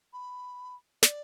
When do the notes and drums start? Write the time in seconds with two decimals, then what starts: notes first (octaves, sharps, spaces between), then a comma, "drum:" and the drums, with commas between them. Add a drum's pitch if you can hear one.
0.13 B5
1.03 D5, drum: snare